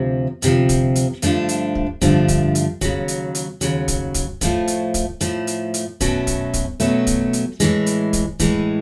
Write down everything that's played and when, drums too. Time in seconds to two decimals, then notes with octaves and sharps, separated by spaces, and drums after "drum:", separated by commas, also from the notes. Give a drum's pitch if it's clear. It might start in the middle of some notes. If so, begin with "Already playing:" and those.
Already playing: D2 C3 F3
0.42 D2 C3 F3, drum: hi-hat
0.69 drum: kick, hi-hat
0.95 drum: hi-hat
1.22 G2 D3 F3 A3 D4, drum: hi-hat
1.49 drum: hi-hat
1.75 drum: kick
2.01 G2 D3 F3 A3 D4, drum: kick, hi-hat
2.28 drum: kick, hi-hat
2.55 drum: hi-hat
2.81 D#2 C#3 F#3, drum: kick, hi-hat
3.08 drum: hi-hat
3.35 drum: hi-hat
3.61 D#2 C#3 F#3, drum: hi-hat
3.88 drum: kick, hi-hat
4.14 drum: kick, hi-hat
4.41 A2 F3 A3, drum: kick, hi-hat
4.68 drum: hi-hat
4.94 drum: kick, hi-hat
5.21 A2 F3 A3, drum: hi-hat
5.47 drum: hi-hat
5.74 drum: hi-hat
6.01 B2 F#3 A3 C#4, drum: kick, hi-hat
6.27 drum: kick, hi-hat
6.54 drum: kick, hi-hat
6.80 B2 F#3 A3 C#4, drum: hi-hat
7.07 drum: kick, hi-hat
7.33 drum: hi-hat
7.60 A2 E3 G#3, drum: hi-hat
7.86 drum: hi-hat
8.13 drum: kick, hi-hat
8.40 A2 E3 G#3, drum: kick, hi-hat